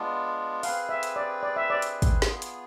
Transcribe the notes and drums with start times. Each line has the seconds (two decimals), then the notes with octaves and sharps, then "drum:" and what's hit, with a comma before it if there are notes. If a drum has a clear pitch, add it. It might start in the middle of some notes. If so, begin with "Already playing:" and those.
Already playing: G#3 B3 D4 F4
0.63 C4 G#4 B4 F5, drum: open hi-hat
0.89 E5
1.03 drum: hi-hat
1.16 D5
1.43 D5
1.56 E5
1.70 D5
1.82 drum: hi-hat
2.02 drum: kick, hi-hat
2.22 B3 F4 G#4, drum: snare
2.42 drum: hi-hat